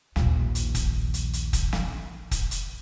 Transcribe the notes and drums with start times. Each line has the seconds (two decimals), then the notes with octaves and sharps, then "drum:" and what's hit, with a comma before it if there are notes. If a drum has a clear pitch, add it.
0.16 A#1 D#2, drum: snare
0.55 drum: hi-hat
0.75 drum: kick, hi-hat
1.14 drum: hi-hat
1.33 drum: hi-hat
1.53 drum: kick, hi-hat
1.73 drum: snare
2.31 drum: kick, hi-hat
2.51 drum: hi-hat